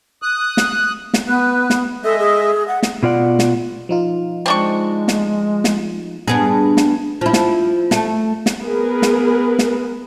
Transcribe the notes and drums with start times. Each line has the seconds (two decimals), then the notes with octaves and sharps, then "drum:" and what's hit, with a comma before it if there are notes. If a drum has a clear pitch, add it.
0.22 D#6 F#6
0.57 drum: snare
1.14 drum: snare
1.28 B3 B4
1.70 drum: snare
2.04 G#3 A4 D#5 E5
2.19 G#4
2.68 F#5
2.83 drum: snare
3.03 B2 F4 D5 F#5
3.39 drum: snare
3.89 F3 D#4 F4
4.46 G#3 C4 D4 C#6
5.08 drum: snare
5.64 drum: snare
6.28 G2 B3 G#4
6.77 drum: snare
7.21 F3 E4
7.33 drum: snare
7.91 A3, drum: snare
8.46 drum: snare
8.61 B3 G#4 A#4 B4
9.02 drum: snare
9.59 drum: snare